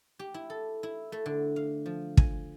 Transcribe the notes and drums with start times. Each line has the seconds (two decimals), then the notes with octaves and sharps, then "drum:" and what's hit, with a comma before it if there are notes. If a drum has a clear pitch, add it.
0.19 G4
0.34 E4
0.50 A4
0.83 E4
1.12 A3
1.26 D3
1.56 F5
1.86 F3
2.17 G#5, drum: kick